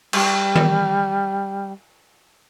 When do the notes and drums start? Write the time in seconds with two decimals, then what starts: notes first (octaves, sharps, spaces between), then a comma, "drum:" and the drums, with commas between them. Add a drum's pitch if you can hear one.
0.13 G3, drum: cymbal
0.55 drum: tom D#3